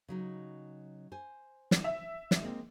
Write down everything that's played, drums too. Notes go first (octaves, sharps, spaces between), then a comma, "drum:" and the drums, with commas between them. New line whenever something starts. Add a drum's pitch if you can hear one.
C#3 F#3 D#4
C5 G#5
drum: snare
E5
drum: snare
G#3 A#3 C4